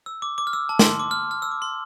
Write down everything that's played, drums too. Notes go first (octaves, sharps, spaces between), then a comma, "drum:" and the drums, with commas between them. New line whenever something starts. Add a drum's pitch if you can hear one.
E6
D6
D6
F6
E6
A5
C6, drum: snare
C6
D6
F6
F6
E6
D6
C6